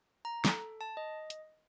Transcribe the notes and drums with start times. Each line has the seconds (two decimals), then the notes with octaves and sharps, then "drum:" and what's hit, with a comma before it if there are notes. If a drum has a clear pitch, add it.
0.25 A#5
0.45 A4, drum: snare
0.81 A5
0.97 D#5
1.30 drum: hi-hat